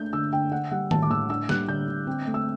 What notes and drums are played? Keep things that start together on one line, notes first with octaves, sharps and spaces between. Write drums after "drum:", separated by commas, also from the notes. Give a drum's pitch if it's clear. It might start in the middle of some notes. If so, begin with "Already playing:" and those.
Already playing: A3 D4 G6
D3 E6
D3 G5
D4 F#5
G3 F#5
A2 A5, drum: tom D#3
D6
A2 E6
D4 E6
G3 F#6, drum: snare
D3 G6
D3
C4
A3
E6